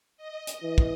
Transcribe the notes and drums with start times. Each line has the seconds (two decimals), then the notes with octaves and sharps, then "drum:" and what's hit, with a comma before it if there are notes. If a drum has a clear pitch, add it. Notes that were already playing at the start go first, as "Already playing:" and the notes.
0.17 D#5
0.47 drum: hi-hat
0.63 E3
0.78 drum: kick